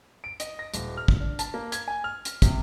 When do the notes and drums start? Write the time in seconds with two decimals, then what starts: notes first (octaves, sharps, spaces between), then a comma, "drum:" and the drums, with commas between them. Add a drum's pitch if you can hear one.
0.24 D7
0.40 D#5, drum: hi-hat
0.59 A#6
0.74 D#1, drum: hi-hat
0.97 F6
1.08 drum: kick
1.20 D4
1.39 A5, drum: hi-hat
1.54 A#3
1.72 G#6, drum: hi-hat
1.88 G#5
2.04 F6
2.25 drum: hi-hat
2.42 C3, drum: kick, hi-hat